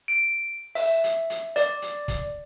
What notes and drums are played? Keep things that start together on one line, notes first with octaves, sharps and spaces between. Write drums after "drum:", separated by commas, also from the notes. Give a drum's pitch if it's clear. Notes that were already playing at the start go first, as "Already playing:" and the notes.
D7
E5, drum: open hi-hat
drum: hi-hat
drum: hi-hat
D5, drum: hi-hat
drum: hi-hat
drum: kick, hi-hat